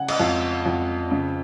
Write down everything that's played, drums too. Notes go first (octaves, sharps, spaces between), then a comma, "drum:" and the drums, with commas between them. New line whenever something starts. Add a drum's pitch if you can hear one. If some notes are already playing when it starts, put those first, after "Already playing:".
Already playing: C#3 F#5 G#5
D#5, drum: cymbal
F2 F5
F2
C#3